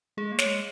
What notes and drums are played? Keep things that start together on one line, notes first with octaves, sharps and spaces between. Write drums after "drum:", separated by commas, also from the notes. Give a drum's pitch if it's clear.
G#3 G#4
A#3
C#5, drum: snare
G#3